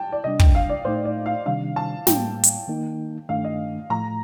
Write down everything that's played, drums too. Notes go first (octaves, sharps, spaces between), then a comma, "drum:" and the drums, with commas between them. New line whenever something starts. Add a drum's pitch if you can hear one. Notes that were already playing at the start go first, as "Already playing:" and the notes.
Already playing: G5 A5
D5
C3 G3 D4 D#5
G5, drum: kick
F5
D5
A2 A3 D#4 C5
D5
F5
C3 D#3 G3 D4 F5
A5
A2 G3 A#3 G5, drum: snare
drum: hi-hat
D#3 A#3 D#4
G2 D#3 A3 D4 F5
D#5
A2 F3 A3 A#5